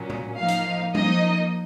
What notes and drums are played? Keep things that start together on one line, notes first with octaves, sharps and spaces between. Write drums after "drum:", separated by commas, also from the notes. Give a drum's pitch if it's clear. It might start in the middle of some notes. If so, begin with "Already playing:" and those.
Already playing: A#2 F#3 C#4
drum: tom A2
F3 A#3 D#4 F5
drum: hi-hat
F3 A#3 D#4 D#5, drum: tom G3